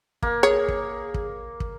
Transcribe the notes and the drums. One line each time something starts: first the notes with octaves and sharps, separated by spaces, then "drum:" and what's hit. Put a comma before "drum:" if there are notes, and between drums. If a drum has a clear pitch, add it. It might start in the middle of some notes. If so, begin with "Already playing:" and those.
A#3, drum: kick
G#4 C#5
drum: kick
drum: kick
drum: kick